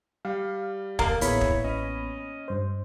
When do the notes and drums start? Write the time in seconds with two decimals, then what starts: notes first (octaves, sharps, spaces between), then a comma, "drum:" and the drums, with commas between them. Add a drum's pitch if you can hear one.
0.25 G3 F5
0.99 D2 A#3, drum: kick
1.21 A1 B3 E4 G#4 C#5 B5, drum: hi-hat
1.41 drum: kick
1.64 C#4 D#5
2.48 G2 C5